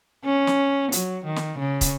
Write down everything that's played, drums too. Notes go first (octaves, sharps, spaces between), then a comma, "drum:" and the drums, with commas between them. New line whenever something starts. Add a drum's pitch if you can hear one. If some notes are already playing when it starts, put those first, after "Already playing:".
C#4
drum: snare
F#3, drum: hi-hat
D#3
drum: snare
C#3
drum: kick, hi-hat